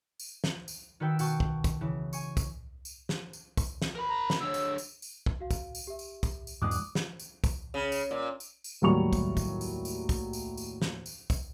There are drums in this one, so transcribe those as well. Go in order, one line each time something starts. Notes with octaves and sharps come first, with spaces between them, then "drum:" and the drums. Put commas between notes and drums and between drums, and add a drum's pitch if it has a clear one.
drum: tambourine
drum: snare
drum: tambourine
D#3 F#4 B4 G5 E6
B2 F#4 G5 A5 C#6, drum: tambourine
drum: kick
drum: kick, tambourine
C#3 E3
G#5 C#6, drum: tambourine
drum: kick, tambourine
drum: tambourine
drum: snare
drum: tambourine
drum: kick, tambourine
drum: snare
A#4 B5
A#5
drum: snare
D3 C#5 E6
drum: tambourine
drum: tambourine
drum: tambourine
drum: kick
F#4 F5
drum: kick, tambourine
drum: tambourine
G4 E5
drum: tambourine
drum: kick, tambourine
drum: tambourine
E2 G#2 G#3 D6 D#6 F#6
drum: tambourine
drum: snare
drum: tambourine
drum: kick, tambourine
C#3
drum: tambourine
A#2
drum: tambourine
drum: tambourine
D#2 A2 F#3 G3 C#6 F7
drum: kick, tambourine
drum: kick, tambourine
drum: tambourine
drum: tambourine
drum: kick, tambourine
drum: tambourine
drum: tambourine
drum: snare
drum: tambourine
drum: kick, tambourine